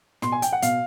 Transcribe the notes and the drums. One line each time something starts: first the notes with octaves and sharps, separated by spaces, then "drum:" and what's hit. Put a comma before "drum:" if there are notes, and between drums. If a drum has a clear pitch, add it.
B2 C6, drum: snare
G#5
G5, drum: hi-hat
F#5
B2 F5, drum: hi-hat